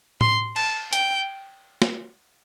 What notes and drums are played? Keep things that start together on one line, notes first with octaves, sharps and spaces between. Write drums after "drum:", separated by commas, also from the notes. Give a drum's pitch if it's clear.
C6, drum: tom A2
A5, drum: cymbal
G5, drum: hi-hat
drum: snare